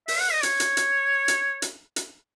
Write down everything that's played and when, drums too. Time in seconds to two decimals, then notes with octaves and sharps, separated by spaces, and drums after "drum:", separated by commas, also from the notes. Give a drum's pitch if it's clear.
0.08 E5, drum: open hi-hat
0.20 F#5
0.32 D#5
0.43 C#5, drum: hi-hat
0.60 drum: hi-hat
0.77 drum: hi-hat
1.28 drum: hi-hat
1.62 drum: hi-hat
1.96 drum: hi-hat